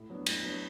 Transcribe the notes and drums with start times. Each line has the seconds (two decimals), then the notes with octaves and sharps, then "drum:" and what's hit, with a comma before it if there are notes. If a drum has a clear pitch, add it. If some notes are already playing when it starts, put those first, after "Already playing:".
Already playing: A2
0.10 F#3 B3 D4
0.26 A2 A6, drum: cymbal
0.43 F#3 B3 D4